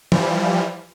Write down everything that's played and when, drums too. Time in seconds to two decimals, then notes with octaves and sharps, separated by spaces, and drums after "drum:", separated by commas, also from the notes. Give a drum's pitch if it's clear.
0.12 E3 F3 G3, drum: tom